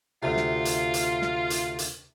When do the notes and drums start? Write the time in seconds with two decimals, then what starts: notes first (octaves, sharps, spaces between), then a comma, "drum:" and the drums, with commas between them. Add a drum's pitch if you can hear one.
0.23 D2 C3 F4
0.37 drum: snare
0.65 drum: hi-hat
0.94 drum: hi-hat
1.22 drum: snare
1.50 drum: hi-hat
1.79 drum: hi-hat